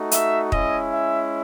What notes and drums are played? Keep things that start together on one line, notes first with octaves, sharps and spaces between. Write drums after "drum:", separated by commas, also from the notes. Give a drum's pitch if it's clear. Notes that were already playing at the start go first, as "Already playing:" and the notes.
Already playing: A3 D#4 F#4
E5, drum: hi-hat
G#3 C#4 E4 D#5, drum: kick
E5